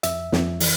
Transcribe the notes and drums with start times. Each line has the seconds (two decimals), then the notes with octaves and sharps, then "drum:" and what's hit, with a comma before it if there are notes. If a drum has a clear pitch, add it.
0.03 F2 E5, drum: hi-hat
0.32 F2, drum: snare
0.60 E3, drum: open hi-hat